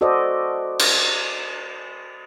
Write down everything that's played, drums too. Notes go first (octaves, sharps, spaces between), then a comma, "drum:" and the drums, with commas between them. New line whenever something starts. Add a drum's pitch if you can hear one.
F#4 A4 C5 D5 D#5
drum: cymbal